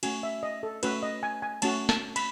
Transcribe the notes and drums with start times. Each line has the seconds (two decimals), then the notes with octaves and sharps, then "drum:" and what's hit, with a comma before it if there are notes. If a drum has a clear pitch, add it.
0.03 A3 C#4 F#4 G#5, drum: cymbal
0.23 E5
0.43 D#5
0.63 A4
0.83 A3 C#4 F#4 B4, drum: cymbal
1.03 D#5
1.23 G#5
1.42 G#5
1.62 A3 C#4 F#4 A5, drum: cymbal
1.89 A5, drum: snare
2.16 B5, drum: cymbal